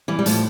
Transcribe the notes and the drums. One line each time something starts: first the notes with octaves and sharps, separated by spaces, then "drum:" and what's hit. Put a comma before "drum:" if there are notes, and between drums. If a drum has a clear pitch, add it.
E3 G3
G3
A2 F3, drum: hi-hat